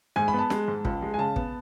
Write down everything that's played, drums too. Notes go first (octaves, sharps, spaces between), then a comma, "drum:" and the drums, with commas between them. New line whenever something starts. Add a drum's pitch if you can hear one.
G#2 G#5
B5
B3
A5
G#3, drum: snare
G#2
C#2, drum: kick
G#3
G#5
C#3 A5
B3, drum: kick